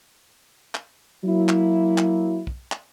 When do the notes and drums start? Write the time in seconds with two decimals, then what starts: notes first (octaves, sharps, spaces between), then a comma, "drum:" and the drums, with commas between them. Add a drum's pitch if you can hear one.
0.75 drum: clap
1.24 F#3 A#3 E4
1.49 drum: clap
1.98 drum: clap
2.47 drum: kick
2.72 drum: clap